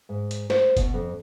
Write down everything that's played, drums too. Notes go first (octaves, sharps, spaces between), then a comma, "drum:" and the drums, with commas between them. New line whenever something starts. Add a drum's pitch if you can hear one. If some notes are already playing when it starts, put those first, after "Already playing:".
G#2
drum: hi-hat
C5, drum: snare
B2, drum: kick F1, hi-hat
F2